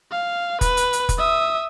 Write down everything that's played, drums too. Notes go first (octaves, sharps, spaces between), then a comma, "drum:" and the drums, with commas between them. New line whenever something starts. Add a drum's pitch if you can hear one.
F5
B4, drum: kick, hi-hat
drum: hi-hat
drum: hi-hat
drum: kick, hi-hat
E5 D#6